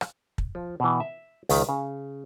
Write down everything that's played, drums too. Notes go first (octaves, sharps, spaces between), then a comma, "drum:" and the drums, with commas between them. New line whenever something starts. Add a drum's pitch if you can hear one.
drum: rim click
drum: kick
F3
B2 E3
E5
C#2 D#3, drum: open hi-hat
C#3